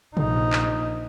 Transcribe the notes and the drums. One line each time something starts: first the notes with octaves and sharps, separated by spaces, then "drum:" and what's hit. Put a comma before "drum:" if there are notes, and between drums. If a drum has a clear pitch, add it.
A#1 D#4, drum: tom C3
drum: clap